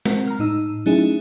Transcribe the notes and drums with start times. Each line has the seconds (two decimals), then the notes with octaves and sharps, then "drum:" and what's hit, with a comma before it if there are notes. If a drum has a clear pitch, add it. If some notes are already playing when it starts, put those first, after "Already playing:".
0.05 C4 A#4 F#5, drum: tom G#3
0.27 A#5 F6
0.39 A2 D#4 E6
0.86 F#3 A3 C#4 D#4 E4 G#4